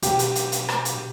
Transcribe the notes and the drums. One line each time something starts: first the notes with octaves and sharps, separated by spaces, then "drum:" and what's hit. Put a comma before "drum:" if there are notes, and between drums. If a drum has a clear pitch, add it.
B2 G4, drum: hi-hat
drum: hi-hat
drum: hi-hat
drum: hi-hat
drum: rim click
drum: hi-hat